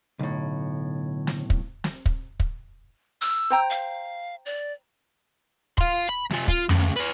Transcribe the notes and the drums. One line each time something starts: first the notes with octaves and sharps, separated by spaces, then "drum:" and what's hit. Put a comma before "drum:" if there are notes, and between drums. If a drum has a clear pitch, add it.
B1 A2 D3
drum: snare
drum: kick
drum: snare
drum: kick
drum: kick
E6
C5 G5 A#5
F5
D5
F5 C6, drum: kick
B5
C3 F4, drum: snare
F4, drum: kick
D2 C#3, drum: tom F2
G#4 B4